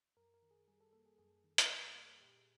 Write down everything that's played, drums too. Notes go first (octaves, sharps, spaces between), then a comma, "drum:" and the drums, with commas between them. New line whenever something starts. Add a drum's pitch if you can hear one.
F#2 A#4
A#4
D#3
G#4
G3 G#4
A4
A#3 A4
G#4
F#2 G#4
D#3
drum: hi-hat
G3
A#3
A#2 G4
G#4